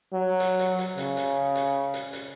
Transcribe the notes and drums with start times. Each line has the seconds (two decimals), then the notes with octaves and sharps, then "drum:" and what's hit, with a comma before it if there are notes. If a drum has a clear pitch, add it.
0.13 F#3
0.40 drum: hi-hat
0.59 drum: hi-hat
0.79 drum: hi-hat
0.98 C#3, drum: hi-hat
1.17 drum: hi-hat
1.55 drum: hi-hat
1.94 drum: hi-hat
2.13 drum: hi-hat